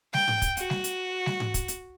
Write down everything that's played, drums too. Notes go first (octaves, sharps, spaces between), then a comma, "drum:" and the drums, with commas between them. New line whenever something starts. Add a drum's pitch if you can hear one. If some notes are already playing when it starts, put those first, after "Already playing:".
G5, drum: snare G3
drum: tom G#2
drum: kick, hi-hat
F#4, drum: hi-hat
drum: snare G3
drum: hi-hat
drum: snare G3
drum: tom G#2
drum: kick, hi-hat
drum: hi-hat